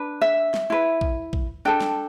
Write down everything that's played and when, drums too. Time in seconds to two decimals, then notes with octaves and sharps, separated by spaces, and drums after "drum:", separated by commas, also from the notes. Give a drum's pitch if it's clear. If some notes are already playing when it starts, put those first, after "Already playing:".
Already playing: D4 B4
0.21 E5
0.54 drum: snare
0.70 E4 B4
1.01 drum: kick A#1
1.33 drum: kick A#1
1.65 D4 A4 G5
1.80 drum: snare